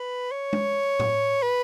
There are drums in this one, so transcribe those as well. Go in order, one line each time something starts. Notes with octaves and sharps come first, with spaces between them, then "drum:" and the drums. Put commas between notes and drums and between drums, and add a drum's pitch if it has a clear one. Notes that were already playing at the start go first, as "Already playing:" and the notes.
Already playing: B4
C#5
drum: tom G#3
drum: tom A2
B4